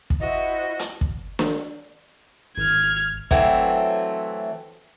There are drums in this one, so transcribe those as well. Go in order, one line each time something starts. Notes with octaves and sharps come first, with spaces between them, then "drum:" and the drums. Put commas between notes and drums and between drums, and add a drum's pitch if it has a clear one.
drum: kick
E4 F#4 C5 D#5
drum: hi-hat
drum: kick
drum: snare
G#1 F6 G#6
E3 F#3 A3 C4, drum: kick